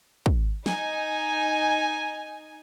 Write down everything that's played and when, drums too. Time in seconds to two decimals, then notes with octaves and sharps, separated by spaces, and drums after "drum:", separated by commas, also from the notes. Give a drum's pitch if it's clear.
0.26 drum: kick
0.66 D#4 G#5, drum: snare